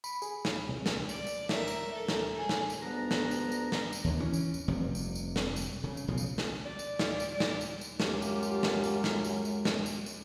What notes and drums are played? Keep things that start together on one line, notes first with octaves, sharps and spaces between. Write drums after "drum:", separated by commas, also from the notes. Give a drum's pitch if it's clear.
B5, drum: tambourine
G#4, drum: tambourine
drum: snare
C2
drum: snare
D5, drum: tambourine
drum: tambourine
A#4 E5, drum: snare
drum: tambourine
A4 A#4
drum: snare
G#4
drum: snare
drum: tambourine
D2 G2 G3 B3 D4 A#5
drum: snare
drum: tambourine
drum: tambourine
drum: snare
drum: tambourine
D#2 D3
E3 C#4
drum: tambourine
drum: tambourine
F1 F2 C3 G3
drum: tambourine
drum: tambourine
drum: snare
drum: tambourine
C#3
drum: tambourine
B1 C#3 F3
drum: tambourine
drum: snare
D5
drum: tambourine
drum: snare
drum: tambourine
drum: snare
drum: tambourine
drum: tambourine
F#2 G#3 F4 G4, drum: snare
drum: tambourine
drum: tambourine
drum: snare
drum: tambourine
drum: snare
drum: tambourine
drum: tambourine
drum: snare
drum: tambourine
drum: tambourine